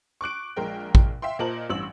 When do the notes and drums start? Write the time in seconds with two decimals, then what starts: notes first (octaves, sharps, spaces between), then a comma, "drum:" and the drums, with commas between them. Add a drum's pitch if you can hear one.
0.21 C#6 D6 F#6 D7
0.57 A#1 G#3 A#4 G5
0.95 drum: kick
1.22 E5 F5 G5 C6
1.39 A#2 A#4 C5 D#5 A5 F#7
1.69 A1 G2 E6 F#7